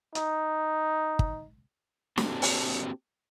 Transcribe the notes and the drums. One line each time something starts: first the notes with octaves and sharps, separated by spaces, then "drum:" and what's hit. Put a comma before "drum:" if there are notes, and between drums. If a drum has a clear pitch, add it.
D#4, drum: hi-hat
drum: kick
A#3 C4 D4 F#4 G4 A4, drum: snare
drum: open hi-hat